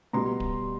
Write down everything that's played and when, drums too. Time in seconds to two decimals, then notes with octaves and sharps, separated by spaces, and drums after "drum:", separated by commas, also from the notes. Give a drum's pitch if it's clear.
0.13 B2 G3 A#5 C6
0.40 drum: kick D1